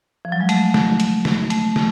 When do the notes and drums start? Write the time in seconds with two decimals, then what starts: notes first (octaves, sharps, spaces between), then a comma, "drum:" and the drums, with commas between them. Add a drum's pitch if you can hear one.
0.25 F3
0.32 F#3
0.41 G#3
0.49 A3, drum: hi-hat
0.74 drum: snare
1.00 drum: hi-hat
1.25 drum: snare
1.50 A3, drum: hi-hat
1.76 drum: snare